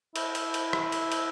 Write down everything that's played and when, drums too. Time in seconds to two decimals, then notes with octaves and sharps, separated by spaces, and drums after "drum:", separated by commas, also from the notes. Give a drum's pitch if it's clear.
0.16 E4, drum: cymbal
0.35 drum: cymbal
0.54 drum: cymbal
0.73 drum: rim click
0.92 drum: cymbal
1.12 drum: cymbal